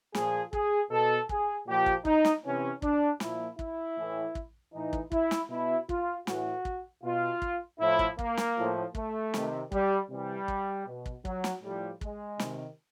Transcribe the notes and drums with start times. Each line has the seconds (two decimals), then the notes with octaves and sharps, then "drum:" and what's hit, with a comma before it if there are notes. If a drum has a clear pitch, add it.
0.15 A#2 F3 G#4, drum: snare
0.53 G#4, drum: kick
0.90 B2 A4
1.29 G#4, drum: kick
1.67 A#2 F3 G4
1.86 drum: kick
2.05 D#4, drum: kick
2.25 drum: snare
2.44 C3 E3 C#4
2.82 D4, drum: kick
3.20 A#2 F3 E4, drum: snare
3.59 E4, drum: kick
3.97 A2 E3
4.35 drum: kick
4.73 A2 E3 D#4
4.93 drum: kick
5.12 E4, drum: kick
5.31 drum: snare
5.50 B2 E4
5.89 F4, drum: kick
6.27 A2 E3 F#4, drum: snare
6.65 drum: kick
7.04 B2 F4
7.42 drum: kick
7.79 A2 F3 E4
7.99 drum: kick
8.19 A#3, drum: kick
8.37 drum: snare
8.57 A2 F3
8.95 A3, drum: kick
9.34 C3 D#3, drum: snare
9.72 G3, drum: kick
10.09 C3 E3 G3
10.48 drum: kick
10.87 B2
11.06 drum: kick
11.25 F#3, drum: kick
11.44 drum: snare
11.63 A2 F3 G3
12.01 G#3, drum: kick
12.39 C3 D#3, drum: snare